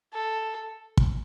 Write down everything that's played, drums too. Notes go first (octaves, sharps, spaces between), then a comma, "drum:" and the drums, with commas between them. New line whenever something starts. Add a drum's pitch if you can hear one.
A4
drum: kick